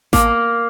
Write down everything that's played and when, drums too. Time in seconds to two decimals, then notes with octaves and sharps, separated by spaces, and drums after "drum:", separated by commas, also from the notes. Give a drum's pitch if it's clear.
0.13 A#3, drum: snare A1